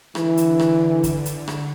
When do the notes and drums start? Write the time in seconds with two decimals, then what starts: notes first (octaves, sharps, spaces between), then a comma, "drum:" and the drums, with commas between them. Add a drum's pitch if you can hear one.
0.15 D3 E3, drum: rim click
0.37 drum: hi-hat
0.59 drum: rim click
1.04 drum: kick, hi-hat
1.26 drum: hi-hat
1.48 drum: rim click